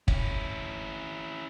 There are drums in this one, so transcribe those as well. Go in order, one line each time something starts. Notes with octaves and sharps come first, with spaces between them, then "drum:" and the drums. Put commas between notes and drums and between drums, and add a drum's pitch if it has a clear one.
C#4 E4, drum: kick